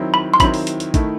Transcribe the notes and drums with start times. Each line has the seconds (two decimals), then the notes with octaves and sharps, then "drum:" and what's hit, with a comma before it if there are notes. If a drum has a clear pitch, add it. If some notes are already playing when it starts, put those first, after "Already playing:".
Already playing: D#3 F#3 C4 E4
0.14 B5
0.34 C6
0.40 D#3 F#3 C4 E4 B5, drum: kick, hi-hat
0.54 drum: open hi-hat
0.67 drum: hi-hat
0.80 drum: hi-hat
0.94 D#3 A3 E4, drum: kick, hi-hat